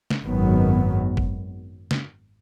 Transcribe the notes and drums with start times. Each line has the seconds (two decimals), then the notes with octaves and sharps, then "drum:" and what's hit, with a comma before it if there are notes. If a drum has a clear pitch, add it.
0.10 drum: snare
0.24 G#1 F#2 D#3 F#3 B3
1.17 drum: kick G1
1.91 drum: snare